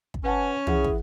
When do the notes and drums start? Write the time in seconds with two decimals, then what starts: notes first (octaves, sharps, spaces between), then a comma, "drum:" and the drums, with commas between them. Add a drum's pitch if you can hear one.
0.14 drum: kick
0.24 C#4 B4 F#5 G#5 A5
0.67 E3 E4 G#4 F#5, drum: tom
0.84 drum: kick